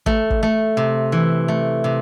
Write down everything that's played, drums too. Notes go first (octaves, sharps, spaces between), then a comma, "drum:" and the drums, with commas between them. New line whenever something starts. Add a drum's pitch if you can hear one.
A3, drum: kick
drum: kick
A3
C3
E3
A3
C3